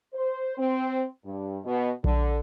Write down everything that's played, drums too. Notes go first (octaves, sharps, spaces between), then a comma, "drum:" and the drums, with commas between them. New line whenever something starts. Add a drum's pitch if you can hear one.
C5
C4
G2
B2
D3, drum: kick A#1